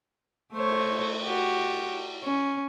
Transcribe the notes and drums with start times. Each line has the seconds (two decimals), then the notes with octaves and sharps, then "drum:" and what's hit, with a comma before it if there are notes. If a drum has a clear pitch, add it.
0.53 A3 C5 C#5
0.69 drum: cymbal
0.92 drum: cymbal
1.23 F#4 G4
2.24 C#4